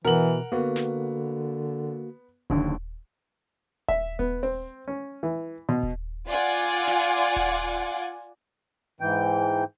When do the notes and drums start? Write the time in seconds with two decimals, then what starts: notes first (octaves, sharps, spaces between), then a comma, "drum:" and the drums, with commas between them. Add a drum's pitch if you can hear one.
0.05 B2 E3 A#4 F#5 F#7
0.52 D3 A#3 B3 F#4
0.76 drum: snare
2.50 F#1 D#2 D3, drum: kick D#1
3.88 E5, drum: kick D#1
4.19 B3, drum: kick D#1
4.43 C4, drum: open hi-hat
4.88 C#4
5.23 E3
5.69 B2
5.83 drum: kick D#1
6.29 F4 D5 F#5 G#5, drum: hi-hat
6.87 drum: snare
7.36 drum: kick D#1
7.97 drum: open hi-hat
9.00 G#2 E3 G5